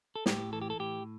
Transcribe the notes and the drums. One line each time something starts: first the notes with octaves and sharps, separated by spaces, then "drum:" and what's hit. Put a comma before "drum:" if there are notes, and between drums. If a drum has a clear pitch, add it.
A4
A2 G4, drum: snare
E3 A4
G4
A4
A2 G4